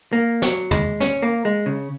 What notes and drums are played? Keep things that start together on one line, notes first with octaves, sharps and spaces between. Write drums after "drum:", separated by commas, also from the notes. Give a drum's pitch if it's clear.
A#3
F#3, drum: snare
G#3, drum: tom
C#4, drum: snare
A#3
G#3
C#3